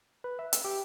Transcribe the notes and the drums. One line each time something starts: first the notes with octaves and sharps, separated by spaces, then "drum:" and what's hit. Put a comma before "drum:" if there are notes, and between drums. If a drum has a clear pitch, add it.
B4
E5
E6, drum: hi-hat
G4